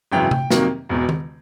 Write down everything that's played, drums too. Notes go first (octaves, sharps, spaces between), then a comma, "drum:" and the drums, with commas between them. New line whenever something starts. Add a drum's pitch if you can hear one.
G#1 F#2 C#3 E3 G5
drum: tom C3
F2 C3 D#3 F#3 A#3, drum: snare
E1 E2 B2
drum: tom D#3